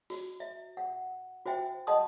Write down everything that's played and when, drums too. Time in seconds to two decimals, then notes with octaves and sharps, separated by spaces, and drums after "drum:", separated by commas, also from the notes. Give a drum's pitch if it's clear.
0.10 F#4, drum: open hi-hat
0.40 E5
0.77 F#5
1.46 F#4 C5 E5 G5
1.87 D#5 F#5 A5 C6 D#6